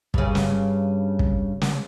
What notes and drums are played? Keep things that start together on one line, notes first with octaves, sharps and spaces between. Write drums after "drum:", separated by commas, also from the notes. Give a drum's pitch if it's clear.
G2 C#3, drum: kick
drum: snare
drum: kick
drum: snare